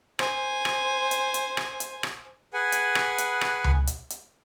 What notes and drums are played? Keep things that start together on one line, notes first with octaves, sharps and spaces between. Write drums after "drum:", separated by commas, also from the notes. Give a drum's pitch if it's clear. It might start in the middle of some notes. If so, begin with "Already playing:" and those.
C5 G#5, drum: rim click
drum: rim click
drum: hi-hat
drum: hi-hat
drum: rim click
drum: hi-hat
drum: rim click
G#4 B4 F#5 G#5
drum: hi-hat
drum: rim click
drum: hi-hat
drum: rim click
drum: tom C#2
drum: hi-hat
drum: hi-hat